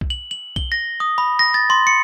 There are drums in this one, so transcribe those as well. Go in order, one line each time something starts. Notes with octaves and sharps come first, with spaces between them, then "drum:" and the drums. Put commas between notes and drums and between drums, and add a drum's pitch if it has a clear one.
drum: kick B1
F#7
F#7
G7, drum: kick B1
A#6
D#6
B5
A#6
A6
C6
C#7